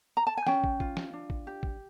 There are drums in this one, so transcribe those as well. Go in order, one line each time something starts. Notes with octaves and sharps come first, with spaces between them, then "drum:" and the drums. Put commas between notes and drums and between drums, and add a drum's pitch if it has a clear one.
A#5
A5
G#5
C#4 G5, drum: snare
drum: kick
F4, drum: kick
drum: snare
D4
drum: kick
G4
drum: kick